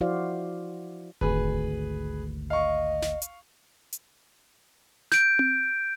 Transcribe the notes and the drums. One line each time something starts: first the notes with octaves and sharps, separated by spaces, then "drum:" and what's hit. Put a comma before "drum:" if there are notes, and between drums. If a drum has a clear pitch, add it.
F3 E4 F#4 C5 D5 F5
G#1 D2 G#4 B4, drum: kick E1
D#5 F5 C#6
drum: snare
drum: hi-hat
drum: hi-hat
G6 D7, drum: snare
drum: tom C4